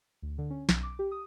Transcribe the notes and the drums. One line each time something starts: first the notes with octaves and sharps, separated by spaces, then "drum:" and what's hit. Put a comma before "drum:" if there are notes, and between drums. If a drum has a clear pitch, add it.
D2
D3
C#4
B1, drum: snare
D6
G4
D#6